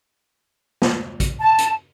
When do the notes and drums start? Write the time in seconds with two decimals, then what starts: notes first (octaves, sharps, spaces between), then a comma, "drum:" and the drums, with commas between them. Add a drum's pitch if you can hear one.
0.82 drum: snare
1.20 drum: kick, hi-hat
1.39 A5
1.58 drum: hi-hat